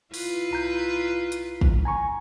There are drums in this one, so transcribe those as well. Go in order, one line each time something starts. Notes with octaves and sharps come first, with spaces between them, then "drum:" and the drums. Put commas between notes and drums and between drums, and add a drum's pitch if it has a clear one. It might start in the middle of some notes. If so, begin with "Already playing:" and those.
E4 F4 B4, drum: open hi-hat
C2 A#5 G6
drum: hi-hat
drum: kick
G#5 A#5 C#6